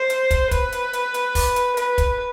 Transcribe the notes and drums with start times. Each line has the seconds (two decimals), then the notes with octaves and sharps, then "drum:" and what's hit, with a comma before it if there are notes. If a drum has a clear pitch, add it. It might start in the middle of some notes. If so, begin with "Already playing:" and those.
Already playing: C5
0.10 drum: hi-hat
0.31 drum: kick, hi-hat
0.51 B4, drum: kick, hi-hat
0.72 drum: hi-hat
0.93 drum: hi-hat
1.14 drum: hi-hat
1.35 drum: kick, open hi-hat
1.56 drum: hi-hat
1.77 B4, drum: hi-hat
1.98 drum: kick, hi-hat